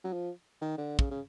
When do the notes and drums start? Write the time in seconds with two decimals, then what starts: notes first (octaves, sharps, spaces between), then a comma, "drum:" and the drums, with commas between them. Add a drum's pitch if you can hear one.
0.04 F#3
0.13 F3
0.62 D#3
0.78 D3
0.99 C#3, drum: kick
1.11 C#3